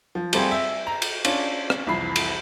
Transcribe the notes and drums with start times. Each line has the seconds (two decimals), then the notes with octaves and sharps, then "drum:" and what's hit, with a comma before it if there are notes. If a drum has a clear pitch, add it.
0.15 F3
0.33 G3 A3 C4 F4 G4 G#4, drum: cymbal
0.52 E5
0.87 A#5
1.02 drum: cymbal
1.25 C#4 D4 F4, drum: cymbal
1.70 drum: rim click
1.87 C2 F2 E3 B5 C7
2.16 drum: cymbal